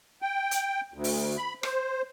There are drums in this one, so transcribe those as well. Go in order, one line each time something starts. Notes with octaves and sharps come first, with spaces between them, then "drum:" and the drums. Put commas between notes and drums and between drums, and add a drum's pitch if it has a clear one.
G5
drum: hi-hat
D2
drum: open hi-hat
B5
C5, drum: rim click